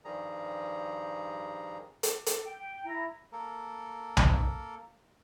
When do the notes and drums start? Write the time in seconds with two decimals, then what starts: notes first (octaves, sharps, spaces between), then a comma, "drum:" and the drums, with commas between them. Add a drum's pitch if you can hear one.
0.05 G2 D#3 F3 G3 G#4 A#5
2.03 drum: hi-hat
2.26 A4, drum: hi-hat
2.44 G5
2.85 E4 A#5
3.32 A#3 A4 A#4
4.17 drum: tom B1